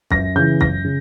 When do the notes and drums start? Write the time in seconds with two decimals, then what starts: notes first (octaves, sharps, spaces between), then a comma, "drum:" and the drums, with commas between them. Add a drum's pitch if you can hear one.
0.11 F#2 A#6, drum: kick
0.36 C#3 E3 G6
0.61 F#2 A#6, drum: kick
0.84 C#3